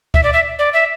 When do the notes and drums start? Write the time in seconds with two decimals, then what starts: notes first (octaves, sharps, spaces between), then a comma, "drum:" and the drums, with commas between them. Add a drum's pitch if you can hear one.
0.14 E5, drum: kick C#2
0.23 D5
0.33 E5
0.59 D5
0.73 E5